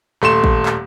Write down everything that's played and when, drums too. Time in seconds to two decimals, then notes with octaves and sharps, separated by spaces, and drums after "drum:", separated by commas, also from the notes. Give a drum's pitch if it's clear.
0.22 D#1 A3 C6 E7
0.44 drum: kick
0.66 drum: clap